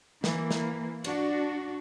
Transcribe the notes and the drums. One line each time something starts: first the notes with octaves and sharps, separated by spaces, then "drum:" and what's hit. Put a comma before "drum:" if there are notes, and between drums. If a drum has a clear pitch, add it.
E3 A#3, drum: snare
drum: snare
D4 F#4, drum: cymbal